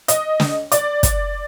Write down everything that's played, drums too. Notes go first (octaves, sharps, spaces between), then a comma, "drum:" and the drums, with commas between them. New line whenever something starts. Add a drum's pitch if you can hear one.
D#5, drum: hi-hat
drum: snare
D5, drum: hi-hat
drum: kick, hi-hat